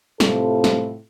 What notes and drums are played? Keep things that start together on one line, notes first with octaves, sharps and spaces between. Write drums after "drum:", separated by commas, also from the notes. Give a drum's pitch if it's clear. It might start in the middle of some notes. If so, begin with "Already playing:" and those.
A2 C3 F4 A4, drum: snare
drum: snare